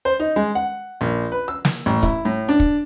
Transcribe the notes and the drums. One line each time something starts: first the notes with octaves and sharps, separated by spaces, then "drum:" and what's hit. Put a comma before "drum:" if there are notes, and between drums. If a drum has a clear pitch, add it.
C5
D#4
G#3
F#5
A#1
B4
E6
drum: snare
A1
E4, drum: kick
A2
D4
drum: kick